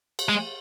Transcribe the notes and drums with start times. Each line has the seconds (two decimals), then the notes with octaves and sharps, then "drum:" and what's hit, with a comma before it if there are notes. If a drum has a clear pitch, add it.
0.19 drum: cymbal
0.29 G#3